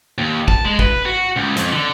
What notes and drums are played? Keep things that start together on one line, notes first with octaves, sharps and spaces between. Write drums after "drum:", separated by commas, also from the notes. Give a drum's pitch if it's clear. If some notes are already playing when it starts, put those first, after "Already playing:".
D#2
A5, drum: kick
G#3
B4, drum: kick
F#4
C#2
F2, drum: hi-hat
D3